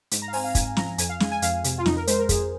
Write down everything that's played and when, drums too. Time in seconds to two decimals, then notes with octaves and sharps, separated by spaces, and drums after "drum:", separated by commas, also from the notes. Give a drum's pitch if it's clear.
0.11 G#2, drum: hi-hat
0.22 A#5
0.28 F5
0.33 C4 G#5, drum: open hi-hat
0.44 F5
0.55 G#2 G#5, drum: kick, hi-hat
0.77 F3 A#5, drum: snare
0.98 F2 G#5, drum: hi-hat
1.09 F5
1.20 G#3 G#5, drum: snare
1.32 G#5
1.42 F2 F5, drum: hi-hat
1.64 C3, drum: hi-hat
1.78 F4
1.86 F2 D#4, drum: snare
1.97 A#4
2.07 G#3 C5, drum: hi-hat
2.19 A#4
2.29 F2 G#4, drum: kick, hi-hat